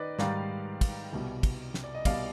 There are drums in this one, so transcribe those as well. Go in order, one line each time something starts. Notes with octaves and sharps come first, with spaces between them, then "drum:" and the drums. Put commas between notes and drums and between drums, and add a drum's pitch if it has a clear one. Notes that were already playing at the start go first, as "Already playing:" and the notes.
Already playing: D#3 B4 D5 D#5
G#2 D#3 G3 D5 F5, drum: snare
drum: kick, cymbal
C2 B2 G3
drum: kick, cymbal
drum: snare
D5
D#5
C2 B2 G3 D5 F5, drum: kick, cymbal